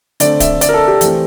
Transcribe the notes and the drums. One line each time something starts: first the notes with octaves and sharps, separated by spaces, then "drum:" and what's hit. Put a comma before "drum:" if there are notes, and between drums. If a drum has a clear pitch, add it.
D3 A3 C4 D5, drum: hi-hat
E5, drum: kick D1, hi-hat
D5, drum: hi-hat
A#4
A4
G4
E3 A3 C4, drum: hi-hat